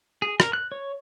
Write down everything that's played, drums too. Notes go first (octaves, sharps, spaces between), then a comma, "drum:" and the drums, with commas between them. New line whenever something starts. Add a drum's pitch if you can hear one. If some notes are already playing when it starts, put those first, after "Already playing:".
G#4
A#4, drum: rim click
F#6
C#5